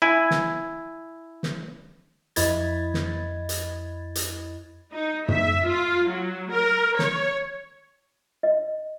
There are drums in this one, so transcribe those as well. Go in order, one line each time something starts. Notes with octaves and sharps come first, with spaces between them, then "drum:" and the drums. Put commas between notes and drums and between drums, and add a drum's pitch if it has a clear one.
E4 G#5
drum: snare
drum: snare
F2 E4 D#5 B5 G#6 A6, drum: hi-hat
drum: snare
drum: hi-hat
drum: hi-hat
D#4
E5, drum: tom
F4
F#3
A#4
C#5, drum: snare
D#5